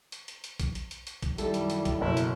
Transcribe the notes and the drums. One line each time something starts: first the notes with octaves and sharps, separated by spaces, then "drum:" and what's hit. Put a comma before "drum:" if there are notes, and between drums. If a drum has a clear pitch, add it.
drum: hi-hat
drum: hi-hat
drum: hi-hat
drum: kick, hi-hat
drum: hi-hat
drum: hi-hat
drum: hi-hat
drum: kick, hi-hat
F#2 D#3 G3 E4 A4, drum: hi-hat
drum: hi-hat
drum: hi-hat
drum: kick, hi-hat
F#1 F#2 B2 F#3 E4
drum: hi-hat